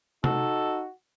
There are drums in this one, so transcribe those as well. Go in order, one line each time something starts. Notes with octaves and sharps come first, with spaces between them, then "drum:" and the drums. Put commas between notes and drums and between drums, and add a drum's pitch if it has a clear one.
D#4 F#4 A4, drum: tom C3